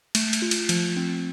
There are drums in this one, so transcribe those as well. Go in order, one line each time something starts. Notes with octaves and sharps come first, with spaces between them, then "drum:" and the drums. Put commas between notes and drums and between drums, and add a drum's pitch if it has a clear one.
A3, drum: cymbal
drum: cymbal
F4
drum: cymbal
F3, drum: cymbal
C4